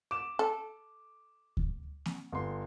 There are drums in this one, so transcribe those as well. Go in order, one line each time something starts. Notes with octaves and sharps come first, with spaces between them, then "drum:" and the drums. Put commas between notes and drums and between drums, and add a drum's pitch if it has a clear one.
D6 E7
A4
drum: kick D2
drum: snare A#3
G1 C6